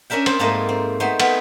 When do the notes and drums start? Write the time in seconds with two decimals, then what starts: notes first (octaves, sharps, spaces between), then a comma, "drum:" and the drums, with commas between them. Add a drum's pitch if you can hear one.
0.10 C#4 D4 A#4 E5 G5
0.26 C4 C5 A5, drum: cymbal
0.39 G#2 A3 A#3 A#4 D#5 A5
0.69 C4
1.00 A3 B3 D#4 C5 G5 C6
1.20 B3 C4, drum: cymbal